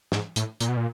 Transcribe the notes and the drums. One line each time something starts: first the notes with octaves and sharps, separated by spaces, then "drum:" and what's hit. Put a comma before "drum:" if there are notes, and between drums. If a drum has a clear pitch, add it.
G#2, drum: snare
A2, drum: hi-hat
A#2, drum: hi-hat
B2
A#2